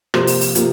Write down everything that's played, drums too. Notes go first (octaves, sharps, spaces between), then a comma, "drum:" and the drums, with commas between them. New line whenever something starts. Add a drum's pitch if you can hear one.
C3 F3 A#3 F4 C5, drum: rim click
drum: open hi-hat
drum: open hi-hat
C3 F3 A#3, drum: hi-hat